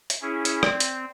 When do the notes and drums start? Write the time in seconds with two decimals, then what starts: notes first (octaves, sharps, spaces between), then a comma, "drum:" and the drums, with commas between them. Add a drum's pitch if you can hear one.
0.10 drum: hi-hat
0.22 C#4 E4 G#4
0.45 drum: hi-hat
0.63 C4 D5, drum: rim click
0.80 drum: hi-hat